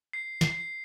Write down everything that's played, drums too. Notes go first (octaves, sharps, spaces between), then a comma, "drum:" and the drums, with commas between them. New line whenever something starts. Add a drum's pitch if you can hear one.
C7
C7, drum: snare
C7